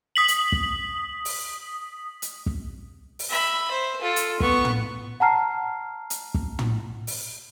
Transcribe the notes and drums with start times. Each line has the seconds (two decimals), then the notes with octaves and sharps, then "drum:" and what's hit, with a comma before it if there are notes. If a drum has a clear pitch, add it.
0.15 D#6 B6 F#7
0.28 drum: hi-hat
0.52 drum: kick
1.25 drum: open hi-hat
2.22 drum: hi-hat
2.46 drum: kick
3.19 drum: open hi-hat
3.30 E5 B5
3.71 C5
4.01 F4 A4
4.16 drum: hi-hat
4.40 B3 C#6, drum: kick
4.65 drum: tom
5.20 F#5 A5 A#5 F6 C7
6.10 drum: hi-hat
6.34 drum: kick
6.59 drum: tom
7.07 drum: open hi-hat